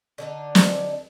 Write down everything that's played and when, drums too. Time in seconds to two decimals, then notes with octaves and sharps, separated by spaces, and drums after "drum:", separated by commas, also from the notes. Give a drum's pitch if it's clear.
0.18 D3 D4 D#4
0.55 drum: snare